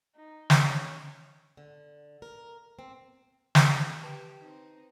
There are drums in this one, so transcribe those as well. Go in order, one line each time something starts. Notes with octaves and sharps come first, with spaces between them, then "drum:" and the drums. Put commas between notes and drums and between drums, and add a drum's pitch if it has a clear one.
D#4
drum: snare
C#4
D3
A#4
C4
drum: snare
G4 B4 G5 A5
C4 D#4